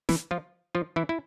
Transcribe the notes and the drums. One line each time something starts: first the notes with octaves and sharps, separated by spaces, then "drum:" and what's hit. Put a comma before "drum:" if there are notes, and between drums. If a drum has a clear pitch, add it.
E3 E4, drum: snare
F3 F4
F3 F4
E3 E4
E4